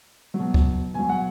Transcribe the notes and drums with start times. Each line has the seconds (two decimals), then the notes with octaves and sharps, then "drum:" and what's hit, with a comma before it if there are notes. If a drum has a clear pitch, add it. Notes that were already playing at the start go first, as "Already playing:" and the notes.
0.34 F#3
0.39 B2
0.54 drum: kick C#2
0.94 B2 F#3 G#5
1.09 F#5